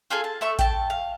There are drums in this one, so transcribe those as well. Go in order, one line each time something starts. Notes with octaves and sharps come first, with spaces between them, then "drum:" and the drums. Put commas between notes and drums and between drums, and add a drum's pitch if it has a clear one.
F4 G#4 A4 G#5
A5
A3 E5 C#6
G5 A5, drum: kick A1, hi-hat
F5